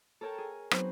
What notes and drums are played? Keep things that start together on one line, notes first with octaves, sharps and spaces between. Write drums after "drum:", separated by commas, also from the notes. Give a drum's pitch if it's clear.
A4 A#4 C#5 G5 A5
G#4
F#3 B3 C4 D#4 B4 C5, drum: rim click